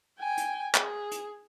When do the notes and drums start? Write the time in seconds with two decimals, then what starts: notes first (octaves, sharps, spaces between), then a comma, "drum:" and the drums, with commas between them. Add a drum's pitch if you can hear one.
0.20 G5 G#5
0.38 drum: hi-hat
0.75 G#4, drum: clap
1.12 drum: hi-hat